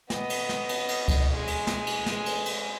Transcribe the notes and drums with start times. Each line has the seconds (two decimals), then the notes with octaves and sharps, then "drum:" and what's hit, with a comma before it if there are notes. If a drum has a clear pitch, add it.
0.10 B3 D#5, drum: snare
0.30 drum: cymbal
0.49 drum: snare
0.69 drum: cymbal
0.89 drum: cymbal
1.08 drum: kick C#2, cymbal
1.33 G#3 G#5
1.47 drum: cymbal
1.67 drum: snare
1.87 drum: cymbal
2.06 drum: snare
2.26 drum: cymbal
2.46 drum: cymbal